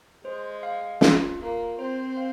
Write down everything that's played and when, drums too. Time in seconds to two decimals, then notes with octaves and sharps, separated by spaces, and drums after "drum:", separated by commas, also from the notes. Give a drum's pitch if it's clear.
0.25 G#3 C5
0.63 F5
1.01 F4, drum: snare
1.40 A#3 F4
1.78 C4 C5
2.17 F5